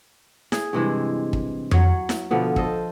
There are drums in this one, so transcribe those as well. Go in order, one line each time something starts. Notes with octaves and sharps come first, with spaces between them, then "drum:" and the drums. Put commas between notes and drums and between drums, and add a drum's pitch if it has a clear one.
G#4, drum: snare E4
G2 C3 E3 G#3
drum: kick
F#3 C#5, drum: tom F2
drum: snare E4
B2 D3 F3 B3
A4 C5 D#5, drum: kick